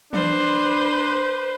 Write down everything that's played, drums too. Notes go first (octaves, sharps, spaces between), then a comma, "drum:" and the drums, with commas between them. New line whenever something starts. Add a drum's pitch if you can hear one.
D4 B4 C5, drum: tom E3